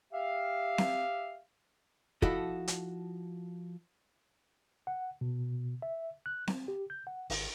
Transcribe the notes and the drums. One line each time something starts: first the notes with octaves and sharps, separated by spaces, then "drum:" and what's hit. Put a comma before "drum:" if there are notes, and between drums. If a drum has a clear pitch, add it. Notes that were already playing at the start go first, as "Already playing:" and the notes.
G4 E5 F5
drum: snare C4
F3 E4 F#4 A4 D#5, drum: kick
drum: hi-hat
F#5
B2
E5
F#6
C4, drum: snare C4
G4
G6
F#5
G#1, drum: open hi-hat